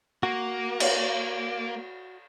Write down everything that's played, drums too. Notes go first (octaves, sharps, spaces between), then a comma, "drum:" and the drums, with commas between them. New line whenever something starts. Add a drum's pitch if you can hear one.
A#3 F#4
drum: cymbal